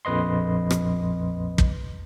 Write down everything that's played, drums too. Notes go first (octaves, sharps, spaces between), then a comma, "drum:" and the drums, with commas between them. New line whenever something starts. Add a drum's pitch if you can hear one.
A#1 F2 B4 D#5 C6
drum: rim click
drum: kick